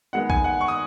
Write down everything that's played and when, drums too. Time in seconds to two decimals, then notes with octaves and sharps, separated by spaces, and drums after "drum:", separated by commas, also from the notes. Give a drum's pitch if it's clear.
0.13 D#3 G#3 B3 F#5
0.30 G#5, drum: kick A#1
0.44 F#5
0.61 C#6
0.68 D#6